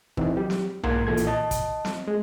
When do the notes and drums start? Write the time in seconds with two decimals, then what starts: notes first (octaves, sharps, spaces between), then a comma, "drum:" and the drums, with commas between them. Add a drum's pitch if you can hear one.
0.17 E3 C4 D#4, drum: kick
0.37 F#3 G4
0.50 drum: snare
0.83 G#2 A#3 F#5 A#5 C6 G#6, drum: tom B1
1.07 A#2 E3 A4 G#6
1.17 drum: hi-hat
1.27 D#5 A5
1.51 drum: kick, hi-hat
1.85 drum: snare
2.08 G#3